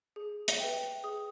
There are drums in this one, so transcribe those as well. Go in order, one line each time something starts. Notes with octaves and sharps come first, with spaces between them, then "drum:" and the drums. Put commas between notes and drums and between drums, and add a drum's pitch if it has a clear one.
G#4
drum: hi-hat
B4 E5 G5
G#4 D#6